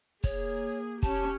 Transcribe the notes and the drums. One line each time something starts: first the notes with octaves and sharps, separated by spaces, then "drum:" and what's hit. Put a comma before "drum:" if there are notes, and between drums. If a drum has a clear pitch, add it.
A#3 G#4 C#5, drum: kick
C#4 G4 A5, drum: kick